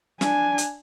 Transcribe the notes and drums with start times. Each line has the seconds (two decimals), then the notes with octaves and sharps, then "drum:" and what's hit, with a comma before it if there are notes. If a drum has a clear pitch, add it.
0.21 D4 G#5, drum: snare
0.58 drum: hi-hat